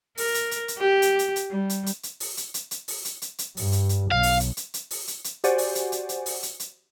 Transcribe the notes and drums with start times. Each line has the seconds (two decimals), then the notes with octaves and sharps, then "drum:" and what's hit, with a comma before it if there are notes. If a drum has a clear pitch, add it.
0.17 A#4, drum: open hi-hat
0.34 drum: hi-hat
0.51 drum: hi-hat
0.68 drum: hi-hat
0.78 G4
1.02 drum: hi-hat
1.19 drum: hi-hat
1.36 drum: hi-hat
1.50 G3
1.70 drum: hi-hat
1.86 drum: hi-hat
2.03 drum: hi-hat
2.20 drum: open hi-hat
2.37 drum: hi-hat
2.54 drum: hi-hat
2.71 drum: hi-hat
2.88 drum: open hi-hat
3.05 drum: hi-hat
3.22 drum: hi-hat
3.38 drum: hi-hat
3.57 G2, drum: open hi-hat
3.72 drum: hi-hat
3.89 drum: hi-hat
4.11 B1 F5
4.23 drum: open hi-hat
4.40 drum: hi-hat
4.57 drum: hi-hat
4.74 drum: hi-hat
4.91 drum: open hi-hat
5.07 drum: hi-hat
5.24 drum: hi-hat
5.44 F#4 G4 C5 D5 F#5 G#5, drum: hi-hat
5.58 drum: open hi-hat
5.75 drum: hi-hat
5.92 drum: hi-hat
6.09 drum: hi-hat
6.26 drum: open hi-hat
6.43 drum: hi-hat
6.60 drum: hi-hat